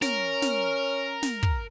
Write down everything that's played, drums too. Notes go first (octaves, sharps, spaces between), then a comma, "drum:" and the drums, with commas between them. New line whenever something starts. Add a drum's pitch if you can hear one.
C#4 A#4, drum: snare
drum: snare
drum: snare
drum: kick